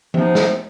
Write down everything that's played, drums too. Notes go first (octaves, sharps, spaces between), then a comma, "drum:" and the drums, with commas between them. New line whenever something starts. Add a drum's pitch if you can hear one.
C3 F3 B3 D#4, drum: tom E3
drum: snare